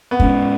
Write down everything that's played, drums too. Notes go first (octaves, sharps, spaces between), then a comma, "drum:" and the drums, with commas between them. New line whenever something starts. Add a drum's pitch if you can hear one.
B3
A2 G#3 C#4, drum: kick